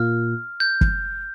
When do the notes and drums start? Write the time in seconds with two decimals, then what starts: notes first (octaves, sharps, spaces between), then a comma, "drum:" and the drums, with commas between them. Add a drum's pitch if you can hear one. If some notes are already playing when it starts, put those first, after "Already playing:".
Already playing: A#2 A#3 F4 F6
0.60 G6
0.81 drum: kick